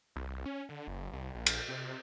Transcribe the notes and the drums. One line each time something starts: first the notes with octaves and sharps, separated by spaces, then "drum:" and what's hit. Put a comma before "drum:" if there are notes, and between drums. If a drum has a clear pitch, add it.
C2
C#4
D3
F#1
C2
A#1
drum: cymbal
C3